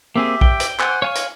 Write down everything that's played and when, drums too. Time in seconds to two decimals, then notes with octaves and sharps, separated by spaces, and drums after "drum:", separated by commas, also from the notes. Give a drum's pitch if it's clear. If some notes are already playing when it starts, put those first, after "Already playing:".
0.16 A#3 C4 G4 G#4 E5
0.41 G5, drum: kick
0.60 drum: hi-hat
0.80 C5 F#5 G#5, drum: clap
1.02 C#5 F5 G#5 C#6
1.15 drum: hi-hat